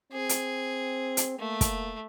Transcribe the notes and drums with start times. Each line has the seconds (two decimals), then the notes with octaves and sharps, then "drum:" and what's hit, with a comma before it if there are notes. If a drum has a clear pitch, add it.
0.13 C4 G#4
0.29 drum: hi-hat
1.17 drum: hi-hat
1.39 A3 A#3
1.61 drum: kick, hi-hat